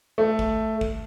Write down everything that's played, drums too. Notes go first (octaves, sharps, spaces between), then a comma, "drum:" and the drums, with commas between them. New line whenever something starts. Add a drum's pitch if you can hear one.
A3
drum: kick
drum: kick